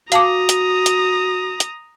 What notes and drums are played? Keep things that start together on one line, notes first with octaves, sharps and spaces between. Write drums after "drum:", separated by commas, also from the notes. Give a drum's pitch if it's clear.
F#4 F5 A5 A#5 D6 D#6, drum: hi-hat
drum: hi-hat
drum: hi-hat
drum: hi-hat